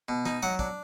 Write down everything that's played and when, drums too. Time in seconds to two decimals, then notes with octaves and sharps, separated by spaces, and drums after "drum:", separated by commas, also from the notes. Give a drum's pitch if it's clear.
0.08 B2
0.26 D#4, drum: snare
0.43 F#3 F#5
0.59 D4, drum: kick